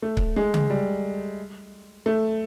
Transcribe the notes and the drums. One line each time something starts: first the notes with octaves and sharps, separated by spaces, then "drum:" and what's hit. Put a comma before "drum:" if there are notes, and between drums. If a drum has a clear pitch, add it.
A3
drum: kick C#1
G#3
drum: tom C#3
G3
A3